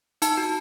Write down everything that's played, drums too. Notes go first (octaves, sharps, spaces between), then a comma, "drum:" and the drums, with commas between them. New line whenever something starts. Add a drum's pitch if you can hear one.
D#4 A5, drum: hi-hat
F#4